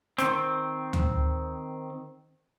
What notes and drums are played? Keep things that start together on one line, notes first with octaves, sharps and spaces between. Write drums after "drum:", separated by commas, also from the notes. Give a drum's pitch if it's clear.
D#3 C4, drum: rim click
drum: tom D2